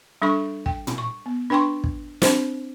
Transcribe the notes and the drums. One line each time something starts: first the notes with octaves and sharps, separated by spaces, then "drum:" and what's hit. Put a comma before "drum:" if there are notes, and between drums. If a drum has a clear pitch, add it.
G3 D4 A4 C#6
G5, drum: kick
drum: tom
C#6
B3
D4 B4 G5 C6 C#6
drum: kick
C4 D4 C5, drum: snare